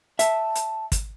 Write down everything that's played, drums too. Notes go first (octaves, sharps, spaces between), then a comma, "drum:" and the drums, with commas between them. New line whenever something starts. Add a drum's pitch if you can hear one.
E5 A5, drum: hi-hat
drum: hi-hat
drum: kick, hi-hat